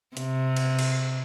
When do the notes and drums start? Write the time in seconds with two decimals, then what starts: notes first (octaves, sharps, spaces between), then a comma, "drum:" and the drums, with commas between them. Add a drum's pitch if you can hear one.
0.17 C3, drum: hi-hat
0.57 drum: cymbal
0.79 drum: cymbal